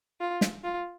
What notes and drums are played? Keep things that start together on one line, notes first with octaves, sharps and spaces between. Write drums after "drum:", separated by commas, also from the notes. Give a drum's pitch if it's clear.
F4
drum: snare
F4